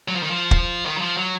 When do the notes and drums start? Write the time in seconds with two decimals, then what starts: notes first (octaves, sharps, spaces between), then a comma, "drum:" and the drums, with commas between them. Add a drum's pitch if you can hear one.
0.08 F#3
0.15 F3
0.23 D#3
0.31 F3
0.51 drum: kick
0.86 D#3
0.97 F#3
1.01 F3
1.17 F#3